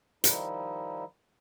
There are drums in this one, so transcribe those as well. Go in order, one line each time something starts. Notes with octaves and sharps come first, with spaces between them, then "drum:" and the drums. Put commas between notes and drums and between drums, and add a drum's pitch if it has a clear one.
D#3 F3 G3 D#4 E4, drum: hi-hat